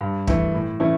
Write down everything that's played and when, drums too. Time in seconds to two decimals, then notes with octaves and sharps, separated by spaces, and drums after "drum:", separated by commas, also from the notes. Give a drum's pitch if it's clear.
0.01 G2
0.27 E3 A3, drum: kick
0.54 A2
0.80 E3 A3 C#4 E4